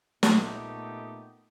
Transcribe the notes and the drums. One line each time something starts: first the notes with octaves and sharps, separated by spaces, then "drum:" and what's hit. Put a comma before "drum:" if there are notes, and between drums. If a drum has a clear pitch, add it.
A#2 A3 B3 D#4 G4, drum: snare